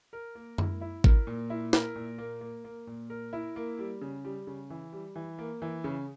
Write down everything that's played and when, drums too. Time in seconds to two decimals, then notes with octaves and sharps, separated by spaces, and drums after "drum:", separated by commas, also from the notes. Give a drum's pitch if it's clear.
0.13 A#4
0.35 A#3
0.58 E4, drum: tom F#2
0.81 E4
1.04 A#4, drum: kick G#1
1.27 A#2
1.50 E4
1.73 A#4, drum: snare
1.95 A#2
2.18 A#3
2.41 A#3
2.65 A#3
2.87 A#2
3.10 A#4
3.33 E4
3.56 A#3
3.79 G3
4.01 C#3
4.24 G3
4.47 C#3
4.70 E3
4.93 G3
5.16 E3
5.38 A#3
5.62 E3
5.84 C#3